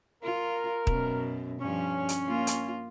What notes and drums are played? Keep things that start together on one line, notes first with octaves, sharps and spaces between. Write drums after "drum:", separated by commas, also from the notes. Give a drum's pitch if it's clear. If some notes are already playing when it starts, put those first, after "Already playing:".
F4 A#4
F#2 B2, drum: kick
G2 F3 C#4 C#5
drum: hi-hat
A#3 F4
drum: hi-hat